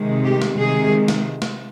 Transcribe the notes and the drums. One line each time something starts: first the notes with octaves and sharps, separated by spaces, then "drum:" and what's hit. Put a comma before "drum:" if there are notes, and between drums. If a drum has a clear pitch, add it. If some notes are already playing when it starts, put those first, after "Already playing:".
Already playing: C3 D#3 G#3
G4
drum: snare
C3 D#3 G#3 G#4
drum: snare
drum: snare